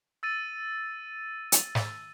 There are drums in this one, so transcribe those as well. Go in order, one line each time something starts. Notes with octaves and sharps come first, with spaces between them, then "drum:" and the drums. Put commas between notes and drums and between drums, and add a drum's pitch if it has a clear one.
E6 A6 D#7
drum: hi-hat
drum: snare